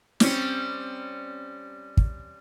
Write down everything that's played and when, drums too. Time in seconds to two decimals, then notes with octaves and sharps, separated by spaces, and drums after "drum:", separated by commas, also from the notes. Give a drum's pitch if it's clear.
0.20 G3 C4 C#4, drum: snare
1.97 drum: kick